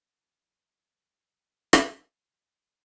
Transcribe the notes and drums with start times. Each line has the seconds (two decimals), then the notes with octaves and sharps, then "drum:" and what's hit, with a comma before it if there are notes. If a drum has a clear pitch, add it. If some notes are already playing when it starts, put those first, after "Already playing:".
0.18 C3 E3 F#3 D#4
0.61 D4
1.09 C4 G#4
1.73 drum: rim click